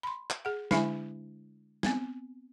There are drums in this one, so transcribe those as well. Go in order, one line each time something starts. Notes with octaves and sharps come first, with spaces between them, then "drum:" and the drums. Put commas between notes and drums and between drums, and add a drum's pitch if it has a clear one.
B5 C6
drum: clap
G#4 F#5
D3 G#3 D4 E4 E5 G#5, drum: snare
B3 C4, drum: snare